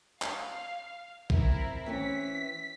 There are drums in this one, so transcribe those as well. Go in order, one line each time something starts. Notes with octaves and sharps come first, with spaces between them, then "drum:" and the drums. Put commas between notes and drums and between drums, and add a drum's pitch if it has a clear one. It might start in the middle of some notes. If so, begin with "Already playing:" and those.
F5, drum: clap
C4 E4 A#4, drum: kick A#1
E3 C4 C#4 B6